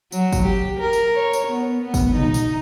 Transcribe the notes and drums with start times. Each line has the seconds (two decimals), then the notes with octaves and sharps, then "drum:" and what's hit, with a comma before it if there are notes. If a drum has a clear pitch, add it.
0.12 F#3, drum: tambourine
0.32 drum: kick, tambourine
0.46 G4
0.80 A#4
0.93 drum: tambourine
1.14 C#5
1.33 drum: tambourine
1.48 B3
1.82 B3
1.94 drum: kick, tambourine
2.16 D#4, drum: tom
2.34 drum: tambourine